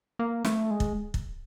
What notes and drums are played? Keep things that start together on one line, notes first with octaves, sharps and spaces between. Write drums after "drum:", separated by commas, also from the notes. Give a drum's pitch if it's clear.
A#3
A3, drum: snare
G#3
drum: kick
drum: kick